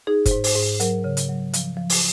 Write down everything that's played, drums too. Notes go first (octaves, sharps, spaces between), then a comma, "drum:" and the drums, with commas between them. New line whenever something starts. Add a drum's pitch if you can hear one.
D#4 G#4
C5, drum: kick F#1, hi-hat
G#2
C5, drum: open hi-hat
G#2
F#3 A#4, drum: hi-hat
C#3
drum: hi-hat
F#3
F3, drum: hi-hat
F3
drum: open hi-hat